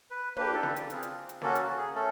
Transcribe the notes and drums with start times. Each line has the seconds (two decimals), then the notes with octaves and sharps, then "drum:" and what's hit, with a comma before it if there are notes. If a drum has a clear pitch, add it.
0.11 B4
0.36 A#3 D4 G4 B4, drum: tom
0.54 A4
0.63 drum: snare
0.76 drum: hi-hat
0.90 C4 F4 G#4, drum: hi-hat
1.03 drum: hi-hat
1.29 drum: hi-hat
1.42 A#3 C#4 F#4 A4, drum: snare
1.55 drum: hi-hat
1.77 G#4
1.95 A3 C#4 A4